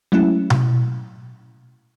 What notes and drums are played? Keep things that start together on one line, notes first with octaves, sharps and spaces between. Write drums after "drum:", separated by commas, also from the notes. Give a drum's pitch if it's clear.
F#3 G#3 A3 C#4 E4
drum: tom B2